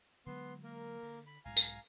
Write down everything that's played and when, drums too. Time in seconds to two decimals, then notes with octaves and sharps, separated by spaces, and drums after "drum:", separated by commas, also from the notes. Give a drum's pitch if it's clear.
0.26 D3 F#3 G#3 B3 C6
0.64 A#3 A#4
1.03 D3
1.27 B5
1.45 B1 G#2 B2 F5 G#5 A#5
1.57 drum: tambourine